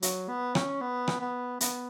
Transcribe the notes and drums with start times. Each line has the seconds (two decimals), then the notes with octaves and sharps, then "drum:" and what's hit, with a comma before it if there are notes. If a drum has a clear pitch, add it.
0.02 F#3, drum: hi-hat
0.29 B3
0.55 C#4, drum: rim click
0.81 B3
1.08 drum: rim click
1.20 B3
1.61 B3, drum: hi-hat